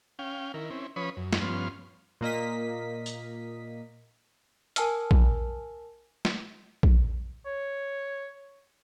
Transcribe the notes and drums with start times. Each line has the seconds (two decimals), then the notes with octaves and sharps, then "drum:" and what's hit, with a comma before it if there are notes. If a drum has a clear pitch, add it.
0.19 C#4 F5 G5
0.54 D#3 E4 A#4
0.70 C4 C#4 E4
0.96 F3 C#4 B4 C#5 B5 D#6
1.17 F#2
1.33 drum: snare
1.42 G2 F3 B3 C#4 C6 F6
2.21 A#2 A#3 D#5 B6
3.06 drum: tambourine
4.76 A#4 G#5 A5 E6 F6, drum: hi-hat
5.11 drum: kick A#1
6.25 drum: snare
6.83 drum: kick A#1
7.46 C#5